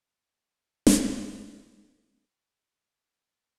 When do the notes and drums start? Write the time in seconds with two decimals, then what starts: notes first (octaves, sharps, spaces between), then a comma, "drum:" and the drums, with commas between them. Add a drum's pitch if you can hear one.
0.11 F4
0.87 drum: snare
1.98 C#5
3.01 B3 F4 F#4 A5